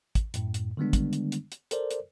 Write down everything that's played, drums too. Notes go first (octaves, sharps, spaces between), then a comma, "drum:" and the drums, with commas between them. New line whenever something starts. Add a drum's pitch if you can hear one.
drum: kick, hi-hat
F#2 A2, drum: hi-hat
drum: hi-hat
D3 D#3 G3 G#3 B3 D4
drum: kick, hi-hat
drum: hi-hat
drum: hi-hat
drum: hi-hat
A4 A#4 C5 D5, drum: hi-hat
drum: hi-hat